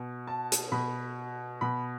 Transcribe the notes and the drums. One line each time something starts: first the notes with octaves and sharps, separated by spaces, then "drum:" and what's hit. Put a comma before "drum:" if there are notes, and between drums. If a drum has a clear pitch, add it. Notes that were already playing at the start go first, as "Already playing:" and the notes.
Already playing: B2
A5
drum: hi-hat
B2 B5
B2 B5